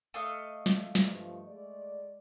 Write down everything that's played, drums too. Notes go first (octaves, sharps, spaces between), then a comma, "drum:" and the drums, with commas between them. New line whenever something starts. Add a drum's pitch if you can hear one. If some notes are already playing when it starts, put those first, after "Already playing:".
A3 D#5 F5
drum: snare
drum: snare
G2 F3
G#3 D5